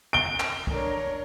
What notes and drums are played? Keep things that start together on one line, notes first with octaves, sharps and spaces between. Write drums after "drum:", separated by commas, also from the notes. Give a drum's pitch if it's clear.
D7 G7
drum: clap
D4 A#4 C#5, drum: kick C2